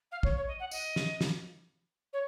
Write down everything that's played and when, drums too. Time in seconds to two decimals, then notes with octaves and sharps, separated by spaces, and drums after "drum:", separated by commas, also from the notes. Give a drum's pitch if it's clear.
0.11 F5
0.23 C#5, drum: kick
0.36 C#5
0.47 D#5
0.59 F#5
0.71 D#5, drum: tambourine
0.96 drum: snare
1.21 drum: snare
2.13 C#5